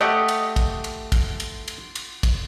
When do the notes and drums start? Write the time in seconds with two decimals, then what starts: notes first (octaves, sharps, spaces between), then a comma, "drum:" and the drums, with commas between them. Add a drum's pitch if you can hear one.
0.01 A3 G4 D#5 F#5
0.28 drum: cymbal
0.56 drum: kick, cymbal
0.84 drum: cymbal
1.12 drum: kick, cymbal
1.40 drum: cymbal
1.68 drum: cymbal
1.95 drum: cymbal
2.23 drum: kick, cymbal